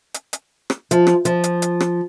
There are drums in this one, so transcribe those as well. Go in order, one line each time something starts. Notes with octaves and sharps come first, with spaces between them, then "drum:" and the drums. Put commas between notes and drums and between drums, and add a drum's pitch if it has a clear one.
drum: hi-hat
drum: hi-hat
drum: rim click
F3, drum: hi-hat
drum: rim click
F3, drum: hi-hat
drum: hi-hat
drum: hi-hat
drum: rim click